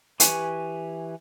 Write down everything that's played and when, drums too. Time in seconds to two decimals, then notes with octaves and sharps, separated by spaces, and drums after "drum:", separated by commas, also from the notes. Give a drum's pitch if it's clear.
0.20 E3 G4 B4 G#5 C#6, drum: hi-hat